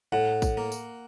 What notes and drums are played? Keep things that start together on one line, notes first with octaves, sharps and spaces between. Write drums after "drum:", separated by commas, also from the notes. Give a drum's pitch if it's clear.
A2 F#5
drum: kick, tambourine
A#3
drum: tambourine